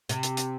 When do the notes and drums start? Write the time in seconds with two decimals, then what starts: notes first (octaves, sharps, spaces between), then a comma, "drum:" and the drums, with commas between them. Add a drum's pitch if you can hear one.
0.09 C3, drum: hi-hat
0.23 drum: hi-hat
0.37 drum: hi-hat